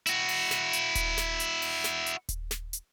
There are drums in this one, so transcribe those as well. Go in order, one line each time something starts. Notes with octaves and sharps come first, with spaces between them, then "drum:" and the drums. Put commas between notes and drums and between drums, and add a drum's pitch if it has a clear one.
E4 F#4, drum: hi-hat
drum: open hi-hat
drum: snare
drum: hi-hat
drum: kick D#1, hi-hat
drum: snare
drum: hi-hat
drum: open hi-hat
drum: snare
drum: hi-hat
drum: kick D#1, hi-hat
drum: snare
drum: hi-hat